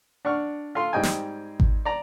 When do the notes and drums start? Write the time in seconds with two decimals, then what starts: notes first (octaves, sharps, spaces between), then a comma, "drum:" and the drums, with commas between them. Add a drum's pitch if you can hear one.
0.25 D4 F#5 C#6 F6
0.75 F4 A4 C6
0.93 G#2 G3 C4 D#5 G5 G#5
1.03 drum: snare
1.60 drum: kick G#1
1.85 D5 A#5